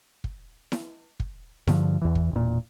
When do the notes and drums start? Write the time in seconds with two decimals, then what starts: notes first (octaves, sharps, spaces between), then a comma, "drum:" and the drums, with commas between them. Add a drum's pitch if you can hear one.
0.24 drum: kick
0.72 drum: snare E4
1.20 drum: kick
1.67 G2 D3 F3, drum: snare E4
2.02 E2 E3
2.15 drum: kick
2.31 E1 A#2